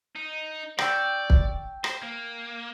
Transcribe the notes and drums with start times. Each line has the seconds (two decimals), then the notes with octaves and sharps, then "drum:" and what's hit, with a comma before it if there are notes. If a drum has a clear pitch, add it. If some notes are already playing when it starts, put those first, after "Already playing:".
0.16 D#4
0.79 D5 G5 C#6 E6, drum: rim click
1.30 drum: kick
1.84 C5, drum: rim click
2.02 A#3